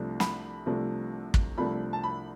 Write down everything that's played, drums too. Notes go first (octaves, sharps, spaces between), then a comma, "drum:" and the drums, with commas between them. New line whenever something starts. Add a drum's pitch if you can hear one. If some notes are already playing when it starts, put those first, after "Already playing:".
Already playing: C2 C3 F3 A3 D4
B5, drum: snare
C2 C3 F3 A3 D4
drum: kick
C2 C3 F3 A3 D4 B5
A5
B5